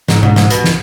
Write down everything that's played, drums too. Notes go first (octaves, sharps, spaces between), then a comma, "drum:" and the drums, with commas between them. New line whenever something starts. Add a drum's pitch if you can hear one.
G#2, drum: snare
G#2, drum: tom B2
G#2, drum: snare
B2, drum: hi-hat
drum: snare